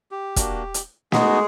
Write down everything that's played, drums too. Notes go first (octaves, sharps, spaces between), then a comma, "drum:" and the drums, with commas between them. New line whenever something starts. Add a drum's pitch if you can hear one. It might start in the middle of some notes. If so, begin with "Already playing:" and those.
G4
A#3 D4 F#4, drum: kick, hi-hat
drum: hi-hat
G#3 B3 D#4 F#4 G#4, drum: snare